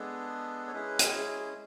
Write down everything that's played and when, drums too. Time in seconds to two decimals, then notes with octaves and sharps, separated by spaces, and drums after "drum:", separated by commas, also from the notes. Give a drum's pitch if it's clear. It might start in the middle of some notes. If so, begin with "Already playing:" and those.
Already playing: G#3 B3 D4 G#4 A4
0.68 C#5
0.72 G#3 C#4 E4 G#4 B4
0.99 drum: hi-hat